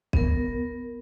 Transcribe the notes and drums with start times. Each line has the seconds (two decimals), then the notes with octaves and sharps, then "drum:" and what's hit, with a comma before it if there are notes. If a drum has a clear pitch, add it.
0.13 B3 A#4, drum: kick B1